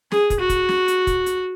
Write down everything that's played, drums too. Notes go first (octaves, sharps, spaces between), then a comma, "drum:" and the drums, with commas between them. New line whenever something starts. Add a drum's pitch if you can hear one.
G#4, drum: snare
drum: kick, hi-hat
F#4
drum: kick, hi-hat
drum: snare
drum: hi-hat
drum: kick, hi-hat
drum: hi-hat